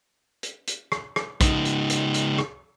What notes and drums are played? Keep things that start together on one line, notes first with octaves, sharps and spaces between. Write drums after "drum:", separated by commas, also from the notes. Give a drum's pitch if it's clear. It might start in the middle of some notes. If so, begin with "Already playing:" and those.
drum: hi-hat
drum: hi-hat
drum: rim click
drum: rim click
C#2 D#4, drum: kick, hi-hat
drum: hi-hat
drum: hi-hat
drum: hi-hat
drum: rim click